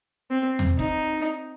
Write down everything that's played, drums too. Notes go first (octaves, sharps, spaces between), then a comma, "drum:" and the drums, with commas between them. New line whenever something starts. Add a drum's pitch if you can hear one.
C4
drum: tom
D#4, drum: kick
drum: hi-hat